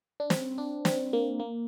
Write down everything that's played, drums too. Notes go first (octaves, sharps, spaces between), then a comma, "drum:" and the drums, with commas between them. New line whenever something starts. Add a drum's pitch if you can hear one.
D4
C4, drum: snare
D4
C4, drum: snare
A#3
A#3